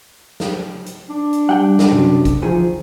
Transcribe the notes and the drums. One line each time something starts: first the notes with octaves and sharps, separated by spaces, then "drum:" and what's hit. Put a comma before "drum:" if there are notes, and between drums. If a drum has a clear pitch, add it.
drum: snare
drum: hi-hat
D4
drum: hi-hat
G3 F#5 G5
drum: snare
F#2 C3
drum: kick G#1, hi-hat
D2 D#3 F3 G#4